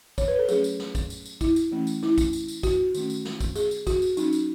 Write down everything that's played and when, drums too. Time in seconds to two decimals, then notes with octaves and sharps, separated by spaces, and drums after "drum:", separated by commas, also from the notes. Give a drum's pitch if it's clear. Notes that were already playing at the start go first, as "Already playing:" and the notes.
0.18 C#5, drum: kick A#1, tambourine
0.28 B4
0.39 A4
0.49 F#3 A3 C#4 G#4, drum: tambourine
0.64 drum: tambourine
0.79 drum: snare
0.95 drum: kick A#1, tambourine
1.10 drum: tambourine
1.26 drum: tambourine
1.41 E4, drum: kick A#1, tambourine
1.56 drum: tambourine
1.71 E3 A3 C#4
1.87 drum: tambourine
2.03 E4, drum: snare
2.18 drum: kick A#1, tambourine
2.33 drum: tambourine
2.48 drum: tambourine
2.63 F#4, drum: kick A#1, tambourine
2.95 D#3 A3 C#4, drum: tambourine
3.10 drum: tambourine
3.25 drum: snare
3.41 drum: kick A#1, tambourine
3.56 G#4, drum: tambourine
3.71 drum: tambourine
3.87 F#4, drum: kick A#1, tambourine
4.02 drum: tambourine
4.17 F#3 C#4 D#4, drum: tambourine
4.33 drum: tambourine